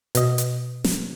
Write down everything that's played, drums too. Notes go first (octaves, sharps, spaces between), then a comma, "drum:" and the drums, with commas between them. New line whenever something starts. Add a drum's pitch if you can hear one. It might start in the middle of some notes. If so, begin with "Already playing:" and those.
B2 D#5, drum: hi-hat
drum: hi-hat
drum: snare